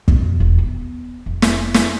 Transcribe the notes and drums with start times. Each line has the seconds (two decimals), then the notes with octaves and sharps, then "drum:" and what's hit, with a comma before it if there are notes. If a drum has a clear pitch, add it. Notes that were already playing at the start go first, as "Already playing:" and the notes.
0.08 F2 B2, drum: kick
0.40 E1
0.58 B3
1.26 F1
1.42 drum: snare
1.74 drum: snare